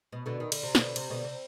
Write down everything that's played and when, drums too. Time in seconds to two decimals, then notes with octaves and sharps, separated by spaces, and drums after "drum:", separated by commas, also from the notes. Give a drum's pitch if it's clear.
0.12 B2
0.26 B2 D3
0.40 D#3
0.52 D3, drum: cymbal
0.63 C3
0.75 B2 D3, drum: snare
0.96 C3, drum: cymbal
1.10 B2 D3
1.24 C3